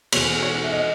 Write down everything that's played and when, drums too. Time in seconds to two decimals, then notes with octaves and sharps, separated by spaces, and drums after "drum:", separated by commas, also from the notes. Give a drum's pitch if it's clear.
0.12 E2 B2 G#3 C#5, drum: cymbal
0.42 C#5
0.64 E5
0.72 D#5